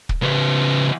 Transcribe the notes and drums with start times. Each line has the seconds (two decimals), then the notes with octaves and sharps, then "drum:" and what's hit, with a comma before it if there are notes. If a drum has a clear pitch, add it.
0.09 drum: kick
0.22 C#3 B3